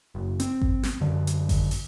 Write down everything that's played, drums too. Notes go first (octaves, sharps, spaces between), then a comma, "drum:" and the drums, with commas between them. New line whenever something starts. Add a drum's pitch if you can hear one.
F#1
C4, drum: hi-hat
drum: kick G#1
drum: snare
F#2 D3
drum: hi-hat
drum: kick G#1, open hi-hat
drum: open hi-hat